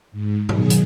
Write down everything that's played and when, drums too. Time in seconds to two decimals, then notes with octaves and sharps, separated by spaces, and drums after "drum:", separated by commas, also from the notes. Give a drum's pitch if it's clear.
0.12 G#2
0.49 B2 D#3 F#3 G#4, drum: tom G#2
0.70 drum: hi-hat